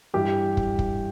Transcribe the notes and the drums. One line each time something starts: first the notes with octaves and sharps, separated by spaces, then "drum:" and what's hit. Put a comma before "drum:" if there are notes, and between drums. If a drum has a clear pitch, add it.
G2 E3 G4
drum: kick
drum: kick